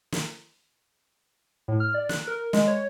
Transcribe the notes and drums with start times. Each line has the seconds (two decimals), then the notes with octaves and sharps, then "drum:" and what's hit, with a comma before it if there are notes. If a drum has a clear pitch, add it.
0.12 drum: snare
1.68 A2
1.80 F6
1.94 D5
2.09 F#6, drum: snare
2.27 A#4
2.53 G#3, drum: snare
2.67 C#5